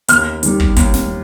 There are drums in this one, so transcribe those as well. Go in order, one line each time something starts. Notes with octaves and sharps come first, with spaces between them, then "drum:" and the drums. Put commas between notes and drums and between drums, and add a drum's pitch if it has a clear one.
D#2 F6, drum: hi-hat
D#3 G3, drum: hi-hat
drum: kick
D#2, drum: kick, hi-hat
drum: snare